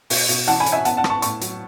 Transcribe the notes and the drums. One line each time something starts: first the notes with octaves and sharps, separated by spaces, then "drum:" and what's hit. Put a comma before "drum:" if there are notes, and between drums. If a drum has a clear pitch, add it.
B2, drum: open hi-hat
B2, drum: hi-hat
E3 F#5 A5, drum: hi-hat
G#5 B5
C#4, drum: hi-hat
E5 G#5
B3 F#5 A5, drum: hi-hat
F#5 A5
B3, drum: rim click
A5 C#6
A2 A5 C#6, drum: hi-hat
F#3, drum: hi-hat